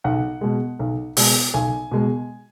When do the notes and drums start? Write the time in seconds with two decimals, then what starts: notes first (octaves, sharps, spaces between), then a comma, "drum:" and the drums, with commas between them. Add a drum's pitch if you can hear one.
0.04 B1 F#5
0.41 B2 G#3
0.79 B1
1.17 B2 G#3, drum: open hi-hat
1.54 B1 G#5
1.91 B2 G#3